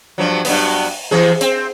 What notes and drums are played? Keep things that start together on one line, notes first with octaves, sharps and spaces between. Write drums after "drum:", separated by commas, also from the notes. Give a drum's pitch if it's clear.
G2 F3 F#3
G2 F#3 B3, drum: open hi-hat
C3 E3 G#4
C4, drum: hi-hat